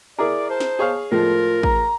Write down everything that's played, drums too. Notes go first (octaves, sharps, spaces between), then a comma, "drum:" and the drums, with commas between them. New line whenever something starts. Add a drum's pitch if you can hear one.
E4 G#4 A#4 D5 D6
C5 A5
drum: snare
G#4 C#5 F5
A2 F3 G#3 F4 A#4
A#5, drum: kick